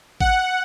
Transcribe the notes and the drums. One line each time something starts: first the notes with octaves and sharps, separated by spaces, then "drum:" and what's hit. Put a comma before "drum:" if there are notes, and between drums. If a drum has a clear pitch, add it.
F#5, drum: kick G#1